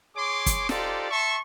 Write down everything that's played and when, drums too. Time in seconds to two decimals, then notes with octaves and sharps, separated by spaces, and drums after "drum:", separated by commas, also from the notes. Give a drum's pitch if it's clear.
0.16 G#4 C#5 C6 D6
0.46 drum: kick, hi-hat
0.69 D#4 F4 G4 A4 C5 D5, drum: snare
1.11 E5 A5 C6 C#6